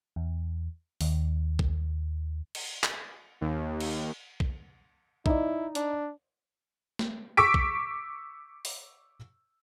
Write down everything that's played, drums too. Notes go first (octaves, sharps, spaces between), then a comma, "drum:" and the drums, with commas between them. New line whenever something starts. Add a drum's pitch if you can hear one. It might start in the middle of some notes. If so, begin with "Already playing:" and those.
E2
D#2, drum: open hi-hat
drum: kick
drum: cymbal
drum: clap
D#2
drum: cymbal
drum: kick
D#4 E4 D5, drum: kick
D4, drum: hi-hat
drum: snare
C#6 D6 E6 B6 D7
drum: kick
drum: open hi-hat